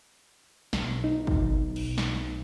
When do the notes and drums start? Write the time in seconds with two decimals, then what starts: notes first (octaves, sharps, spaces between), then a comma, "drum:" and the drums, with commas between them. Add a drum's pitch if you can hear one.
0.73 B1, drum: snare
1.04 D#4
1.27 drum: kick
1.76 drum: cymbal
1.98 drum: snare